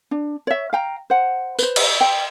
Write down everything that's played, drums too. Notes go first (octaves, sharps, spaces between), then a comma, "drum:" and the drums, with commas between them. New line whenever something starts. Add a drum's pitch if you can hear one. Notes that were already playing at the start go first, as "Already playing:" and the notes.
D4
C#5 E5
F5 G5 A#5
C5 F#5
B4 C5, drum: tambourine
drum: cymbal
G5